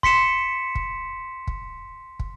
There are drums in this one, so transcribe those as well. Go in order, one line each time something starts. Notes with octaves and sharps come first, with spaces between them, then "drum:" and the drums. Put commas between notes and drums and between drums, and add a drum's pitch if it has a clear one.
C6 B6 C#7 E7, drum: kick
drum: kick
drum: kick
drum: kick